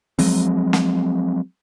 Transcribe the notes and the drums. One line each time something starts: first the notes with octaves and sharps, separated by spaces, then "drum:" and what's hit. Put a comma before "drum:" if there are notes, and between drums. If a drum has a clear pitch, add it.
F3 F#3 G#3 C4, drum: open hi-hat
drum: snare